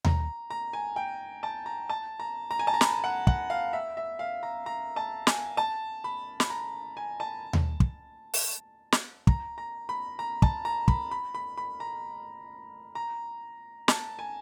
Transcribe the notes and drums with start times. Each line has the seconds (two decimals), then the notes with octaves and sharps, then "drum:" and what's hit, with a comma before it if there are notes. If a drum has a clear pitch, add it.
0.05 A#5, drum: tom D#2
0.50 A#5
0.73 G#5
0.96 G5
1.43 A5
1.66 A#5
1.89 A5
2.20 A#5
2.51 A#5
2.59 G#5
2.67 A5
2.74 A#5
2.81 B5, drum: snare
3.04 F#5
3.27 F#5, drum: kick
3.50 F5
3.73 E5
3.97 E5
4.19 F5
4.43 A#5
4.66 A#5
4.96 A5
5.27 G#5, drum: snare
5.57 A5
6.04 B5
6.40 B5, drum: snare
6.50 A#5
6.97 G#5
7.20 A5
7.53 drum: tom D#2
7.80 drum: kick
8.34 drum: open hi-hat
8.92 drum: snare
9.27 A#5, drum: kick
9.58 A#5
9.89 B5
10.19 A#5
10.42 A5, drum: kick
10.65 A#5
10.88 B5, drum: kick
11.11 B5
11.35 B5
11.57 B5
11.80 A#5
12.95 A#5
13.88 A5, drum: snare
14.19 G#5